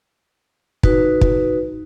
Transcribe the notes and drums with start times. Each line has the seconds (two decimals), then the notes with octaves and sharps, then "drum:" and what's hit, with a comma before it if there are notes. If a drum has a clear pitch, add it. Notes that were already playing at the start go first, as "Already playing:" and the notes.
0.83 D#4 F#4 B4, drum: kick
1.21 drum: kick